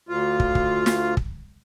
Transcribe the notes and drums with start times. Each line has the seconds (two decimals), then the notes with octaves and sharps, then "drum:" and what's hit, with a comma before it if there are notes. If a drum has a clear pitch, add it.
0.09 D2 F4
0.40 drum: kick
0.55 drum: kick
0.86 drum: snare
1.17 drum: kick